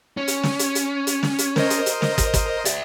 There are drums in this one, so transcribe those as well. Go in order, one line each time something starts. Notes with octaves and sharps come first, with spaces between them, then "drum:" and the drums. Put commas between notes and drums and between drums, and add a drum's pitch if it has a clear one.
C#4
drum: hi-hat
drum: snare
drum: hi-hat
drum: hi-hat
drum: hi-hat
drum: snare
drum: hi-hat
A#4 C5 D#5, drum: snare
drum: hi-hat
drum: hi-hat
drum: snare
drum: kick, hi-hat
drum: kick, hi-hat
D5 E5, drum: hi-hat